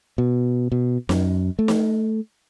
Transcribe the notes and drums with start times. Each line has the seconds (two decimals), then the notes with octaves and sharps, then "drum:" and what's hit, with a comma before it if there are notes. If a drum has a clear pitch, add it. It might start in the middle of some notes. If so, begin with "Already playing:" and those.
0.18 B2
0.72 B2
1.09 F#2, drum: snare
1.59 A3
1.68 drum: snare